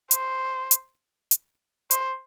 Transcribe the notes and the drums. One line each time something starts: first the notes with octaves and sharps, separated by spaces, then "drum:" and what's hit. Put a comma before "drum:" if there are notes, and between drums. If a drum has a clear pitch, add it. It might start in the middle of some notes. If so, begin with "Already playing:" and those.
C5, drum: hi-hat
drum: hi-hat
drum: hi-hat
C5, drum: hi-hat